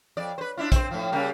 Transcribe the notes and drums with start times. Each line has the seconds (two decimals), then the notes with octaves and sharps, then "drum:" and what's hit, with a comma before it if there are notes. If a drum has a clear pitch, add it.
0.17 F2 D5
0.38 B4 C5
0.57 D4 E4 F4
0.72 C4 C5, drum: kick, hi-hat
0.91 A2 F3
1.12 C#3 G3 A#3